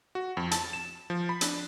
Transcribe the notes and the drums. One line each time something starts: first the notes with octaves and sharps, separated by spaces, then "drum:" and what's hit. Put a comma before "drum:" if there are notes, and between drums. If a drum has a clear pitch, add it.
F#4
F2
A5, drum: hi-hat
E7
F3
B5
D4, drum: hi-hat